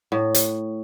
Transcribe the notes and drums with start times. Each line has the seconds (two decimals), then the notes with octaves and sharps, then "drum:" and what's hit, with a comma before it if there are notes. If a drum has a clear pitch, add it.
0.12 A2
0.34 drum: hi-hat